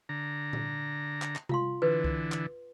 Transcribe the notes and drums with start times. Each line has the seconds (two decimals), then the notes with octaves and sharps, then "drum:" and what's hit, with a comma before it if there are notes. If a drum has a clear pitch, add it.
0.09 D3 A#5
0.53 drum: tom A#2
1.22 drum: clap
1.36 drum: clap
1.49 F4 F5 C6, drum: tom C3
1.82 D3 E3 B4
2.04 drum: kick C2
2.32 drum: clap